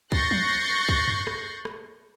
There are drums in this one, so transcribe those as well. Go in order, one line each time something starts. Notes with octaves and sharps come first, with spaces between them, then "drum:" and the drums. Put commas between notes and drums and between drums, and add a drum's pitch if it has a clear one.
C#6 F#6 G6 A6 A#6 C7, drum: kick
drum: tom F3
drum: kick
drum: tom F#2
drum: rim click
drum: rim click